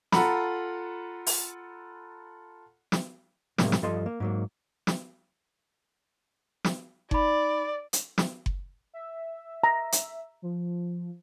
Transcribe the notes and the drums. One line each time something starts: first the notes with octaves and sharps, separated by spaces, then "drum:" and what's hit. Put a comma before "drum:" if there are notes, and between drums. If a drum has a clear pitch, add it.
F4 A4 F#5 A#5 B5, drum: snare
drum: open hi-hat
drum: snare
A2 C3 F#3 G#3 A#3, drum: snare
drum: snare
G2 F3 A4 D#5 C6
A#3
G#2 F#3 A#3
drum: snare
drum: snare
D#4 D5 B5, drum: kick F#1
drum: hi-hat
drum: snare
drum: kick F#1
E5
A#5
drum: hi-hat
F3